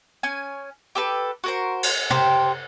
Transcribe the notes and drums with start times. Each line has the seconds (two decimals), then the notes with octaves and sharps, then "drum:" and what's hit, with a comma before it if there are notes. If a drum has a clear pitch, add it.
0.23 C#4 G#5
0.95 G4 A4 B4
1.44 F#4 A#4 C5
1.83 drum: cymbal
2.10 G4 A#4 C5, drum: tom